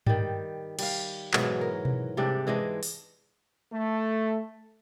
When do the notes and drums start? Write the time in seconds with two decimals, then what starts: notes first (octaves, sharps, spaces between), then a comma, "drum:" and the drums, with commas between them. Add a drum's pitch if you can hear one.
0.07 D#3 G3, drum: tom G2
0.79 G3 F5, drum: cymbal
1.33 G#2 B2 E3 F#3, drum: clap
1.61 A#4
1.85 drum: tom B2
2.17 G#2 C3 G3 D4
2.47 E3 G#3 D4 D#5
2.83 drum: open hi-hat
3.72 A3